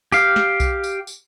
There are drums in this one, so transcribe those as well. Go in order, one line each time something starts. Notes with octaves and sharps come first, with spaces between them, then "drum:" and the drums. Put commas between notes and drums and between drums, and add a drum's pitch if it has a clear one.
G4 F5, drum: tambourine
drum: snare
drum: kick B1, tambourine
drum: tambourine
drum: tambourine